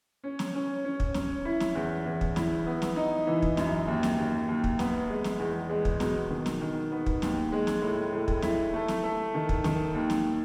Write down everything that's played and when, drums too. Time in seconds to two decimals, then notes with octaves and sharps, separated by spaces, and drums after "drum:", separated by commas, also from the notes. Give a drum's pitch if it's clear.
0.24 C#4
0.39 drum: snare
0.55 C#4
0.85 C#4
1.00 drum: kick
1.14 C#4, drum: snare
1.45 E4
1.60 drum: snare
1.75 E2
2.06 E2
2.21 drum: kick
2.36 E4, drum: snare
2.66 B3
2.82 drum: snare
2.96 D#4
3.27 E3
3.42 drum: kick
3.57 F#2, drum: snare
3.88 D#2
4.03 drum: snare
4.18 D#2
4.48 D#2
4.64 drum: kick
4.79 B3, drum: snare
5.09 G#3
5.24 drum: snare
5.39 E2
5.69 G#3
5.85 drum: kick
6.00 B2, drum: snare
6.30 D#3
6.46 drum: snare
6.61 D#3
6.91 B3
7.06 drum: kick
7.22 D#2, drum: snare
7.52 G#3
7.67 drum: snare
7.82 A2
8.13 A2
8.28 drum: kick
8.42 E4, drum: snare
8.73 A3
8.88 drum: snare
9.03 A3
9.34 D#3
9.49 drum: kick
9.64 D#3, drum: snare
9.94 D#2
10.10 drum: snare